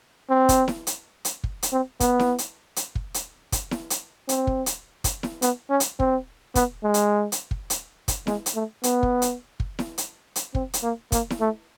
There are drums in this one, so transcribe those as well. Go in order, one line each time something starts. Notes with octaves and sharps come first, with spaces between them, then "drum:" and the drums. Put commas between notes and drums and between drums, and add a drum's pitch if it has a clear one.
C4
drum: kick, hi-hat
drum: snare E4
drum: hi-hat
drum: hi-hat
drum: kick
drum: hi-hat
C4
B3, drum: kick, hi-hat
drum: snare E4
drum: hi-hat
drum: hi-hat
drum: kick
drum: hi-hat
drum: kick, hi-hat
drum: snare E4
drum: hi-hat
C4, drum: hi-hat
drum: kick
drum: hi-hat
drum: kick, hi-hat
drum: snare E4
B3, drum: hi-hat
C#4
drum: hi-hat
C4, drum: kick
B3, drum: kick, hi-hat
G#3
drum: hi-hat
drum: hi-hat
drum: kick
drum: hi-hat
drum: kick, hi-hat
G#3, drum: snare E4
drum: hi-hat
A3
B3, drum: hi-hat
drum: kick
drum: hi-hat
drum: kick
drum: snare E4
drum: hi-hat
drum: hi-hat
C4, drum: kick
drum: hi-hat
A#3
A#3, drum: kick, hi-hat
drum: snare E4
A3